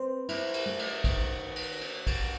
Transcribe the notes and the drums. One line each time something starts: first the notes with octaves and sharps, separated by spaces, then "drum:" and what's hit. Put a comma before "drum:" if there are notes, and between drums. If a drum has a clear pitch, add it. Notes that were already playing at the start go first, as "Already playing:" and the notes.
Already playing: C4 B4 C5
E4, drum: cymbal
drum: cymbal
A3
drum: cymbal
D#3, drum: kick, cymbal
drum: cymbal
drum: cymbal
drum: kick, cymbal